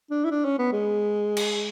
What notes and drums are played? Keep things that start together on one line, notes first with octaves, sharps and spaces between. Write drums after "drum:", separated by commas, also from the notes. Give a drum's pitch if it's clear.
D4
E4
D4
C#4
B3
G#3
drum: cymbal